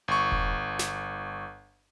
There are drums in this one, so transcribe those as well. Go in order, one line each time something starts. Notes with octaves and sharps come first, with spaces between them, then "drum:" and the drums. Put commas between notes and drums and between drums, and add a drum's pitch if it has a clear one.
G1 C#6
drum: kick E1
drum: snare